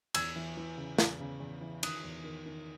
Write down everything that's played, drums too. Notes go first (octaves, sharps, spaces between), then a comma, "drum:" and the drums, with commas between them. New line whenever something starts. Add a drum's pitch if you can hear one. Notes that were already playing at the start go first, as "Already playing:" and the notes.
E2 E6 G#6, drum: cymbal
E3
E3
C#3
E2, drum: snare
C#3
E2
E3
D#3 D#6 F#6, drum: cymbal
E2
D#3
D#3